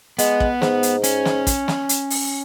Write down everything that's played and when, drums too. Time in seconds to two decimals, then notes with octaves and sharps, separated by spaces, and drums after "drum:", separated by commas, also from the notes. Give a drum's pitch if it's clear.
0.19 G#3 B3, drum: hi-hat
0.40 drum: kick
0.62 G#2, drum: snare
0.83 drum: hi-hat
1.04 C#4, drum: hi-hat
1.25 drum: snare
1.47 drum: kick, hi-hat
1.68 drum: snare
1.89 drum: hi-hat
2.10 drum: open hi-hat